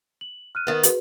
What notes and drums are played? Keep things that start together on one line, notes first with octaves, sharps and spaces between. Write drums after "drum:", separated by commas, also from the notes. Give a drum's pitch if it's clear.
F#7
F6 F#6 D#7
D#3 B3
F#4 G#4 B4, drum: hi-hat